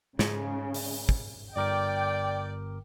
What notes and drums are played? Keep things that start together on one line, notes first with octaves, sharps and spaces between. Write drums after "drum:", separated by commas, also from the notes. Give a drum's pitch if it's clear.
G#2 C#3, drum: snare
drum: open hi-hat
drum: kick
G1 A#4 D5 G5 D6